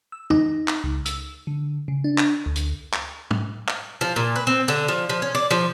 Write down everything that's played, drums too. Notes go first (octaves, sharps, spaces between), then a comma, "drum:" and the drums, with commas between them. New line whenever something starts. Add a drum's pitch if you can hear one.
E6
D#4, drum: tom
drum: clap
C#2
E6, drum: hi-hat
D3
C#3
D4
drum: clap
D2
drum: hi-hat
drum: clap
drum: tom
drum: clap
F3
A#2
B4
C4
D3
F3
F3
C#4
D5
F3